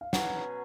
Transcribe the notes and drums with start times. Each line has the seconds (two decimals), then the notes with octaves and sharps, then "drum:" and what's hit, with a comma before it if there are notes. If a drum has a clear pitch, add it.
0.01 F5
0.13 B2 F#3 C#4 G#4 F#5, drum: snare